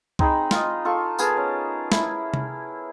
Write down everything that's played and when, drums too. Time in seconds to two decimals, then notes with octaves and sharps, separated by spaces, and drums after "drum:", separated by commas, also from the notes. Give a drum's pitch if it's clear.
0.19 C4 D#4 G#4 B5, drum: kick C2
0.51 F4 D#5, drum: snare
0.85 F4 A4 C#6
1.19 B3 G#4 A#4 A5, drum: tambourine
1.37 C#4
1.92 E4, drum: snare
2.34 drum: tom C3